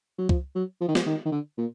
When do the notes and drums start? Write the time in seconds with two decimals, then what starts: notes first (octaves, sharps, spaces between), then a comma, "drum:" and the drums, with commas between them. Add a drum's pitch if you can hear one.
0.18 F#3
0.29 F3, drum: kick
0.55 F#3
0.81 F3
0.88 D#3
0.95 F3, drum: snare
1.06 D#3
1.25 D#3
1.32 D3
1.58 A#2